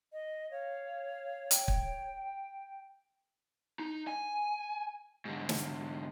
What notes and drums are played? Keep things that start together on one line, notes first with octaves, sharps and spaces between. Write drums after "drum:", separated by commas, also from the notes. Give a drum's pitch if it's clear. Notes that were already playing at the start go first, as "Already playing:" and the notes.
D#5
C#5 F5
G5, drum: hi-hat
drum: kick
D#4
G#5
G#2 D3
drum: snare